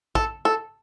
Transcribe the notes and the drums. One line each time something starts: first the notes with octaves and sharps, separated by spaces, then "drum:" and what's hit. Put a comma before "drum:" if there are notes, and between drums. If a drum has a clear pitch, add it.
A4, drum: kick
A4